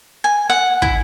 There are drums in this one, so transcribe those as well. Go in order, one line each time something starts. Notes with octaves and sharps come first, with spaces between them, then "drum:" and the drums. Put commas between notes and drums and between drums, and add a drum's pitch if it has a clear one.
G#5
F#5
E4, drum: kick